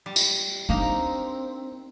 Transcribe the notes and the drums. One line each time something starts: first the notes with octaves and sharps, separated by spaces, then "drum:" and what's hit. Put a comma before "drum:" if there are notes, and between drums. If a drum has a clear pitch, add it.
G3
drum: tambourine
A#3 C4 D4 D#4 A#4